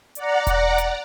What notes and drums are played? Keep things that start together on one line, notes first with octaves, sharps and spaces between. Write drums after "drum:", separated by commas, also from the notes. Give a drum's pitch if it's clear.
D5 F#5 A#5, drum: hi-hat
drum: kick E1, hi-hat
drum: hi-hat